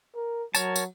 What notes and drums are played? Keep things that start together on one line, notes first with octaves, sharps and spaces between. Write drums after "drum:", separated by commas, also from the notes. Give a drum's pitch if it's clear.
A#4
F#3 A#4 C#5 A5, drum: tambourine
drum: tambourine